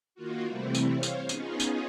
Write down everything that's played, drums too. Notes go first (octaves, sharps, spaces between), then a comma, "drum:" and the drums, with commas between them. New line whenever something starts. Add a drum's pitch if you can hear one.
D#3 A#3 F4 F#4
C3 E3 G3 A3 C4 E4
drum: tambourine
C5 C#5 F5
drum: tambourine
B3 C#4 D#4 F4 G#4, drum: tambourine
drum: tambourine